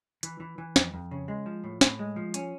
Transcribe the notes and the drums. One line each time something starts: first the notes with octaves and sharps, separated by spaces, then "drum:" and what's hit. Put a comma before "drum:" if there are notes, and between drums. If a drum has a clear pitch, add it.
E3, drum: hi-hat
E3
E3
F2, drum: snare
F2
C#3
G#3
F3
A2
A2, drum: snare
G#3
F3
C#4, drum: hi-hat